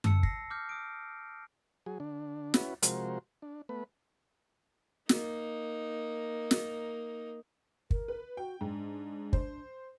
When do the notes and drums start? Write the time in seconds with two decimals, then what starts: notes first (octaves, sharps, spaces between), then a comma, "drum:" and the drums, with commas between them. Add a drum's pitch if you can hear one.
0.04 A5 E6 C#7, drum: tom F#2
0.23 A#6 C7, drum: kick
0.50 D6 F6 G6
0.69 D#6 D7
1.86 F#3 G#4
2.00 D3 D4
2.54 C#4 E4 F#4 B4, drum: snare
2.82 C3 F3 G#3 F#4 A#4 C5, drum: hi-hat
3.42 D4
3.69 A3 B3 B4
5.09 A#3 D#4, drum: snare
6.51 drum: snare
7.91 A#4, drum: kick
8.08 B4
8.37 F#4 G5
8.61 G#2 D4
9.33 C5, drum: kick